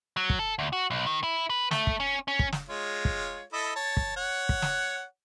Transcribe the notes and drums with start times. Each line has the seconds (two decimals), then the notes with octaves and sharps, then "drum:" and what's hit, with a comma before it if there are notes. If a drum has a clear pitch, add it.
0.17 F#3
0.30 drum: kick
0.39 A4
0.59 D2
0.73 F#4
0.90 B1
1.06 D#3
1.23 E4
1.50 B4
1.71 A3, drum: snare
1.87 drum: kick
2.00 C#4
2.28 C#4
2.39 drum: kick
2.52 drum: snare
2.69 G#3 F4 C#5
3.05 drum: kick
3.53 E4 A4 D#5
3.76 C#5 A5
3.97 drum: kick
4.16 C#5 F#5
4.49 drum: kick
4.62 drum: snare